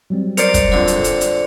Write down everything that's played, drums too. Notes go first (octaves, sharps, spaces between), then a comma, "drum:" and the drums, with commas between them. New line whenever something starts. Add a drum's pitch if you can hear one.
F#3 G3 C4
A#4 C5 D5 C#7 F7, drum: hi-hat
drum: kick, hi-hat
F2 D3
drum: hi-hat
drum: hi-hat
drum: hi-hat